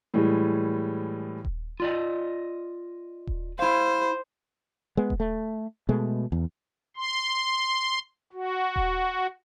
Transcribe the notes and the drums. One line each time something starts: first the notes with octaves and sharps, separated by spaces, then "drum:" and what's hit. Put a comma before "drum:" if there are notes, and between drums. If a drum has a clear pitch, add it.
A2 E3 G3 G#3
drum: kick D#1
F4 D5 D#5
drum: kick D#1
E4 C5 F5
G#3 B3
drum: kick D#1
A3
B2 G#3 A3
E2
C6
F#4
drum: kick D#1